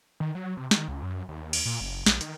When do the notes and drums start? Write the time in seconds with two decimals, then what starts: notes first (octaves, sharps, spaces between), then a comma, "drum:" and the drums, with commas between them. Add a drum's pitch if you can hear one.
0.20 D#3
0.35 F#3
0.57 C3
0.71 D#3, drum: snare
0.88 C#2
1.03 F#2
1.29 D#2
1.53 drum: cymbal
1.66 A#2
1.81 F#1
2.06 A#1, drum: snare
2.21 D#3, drum: hi-hat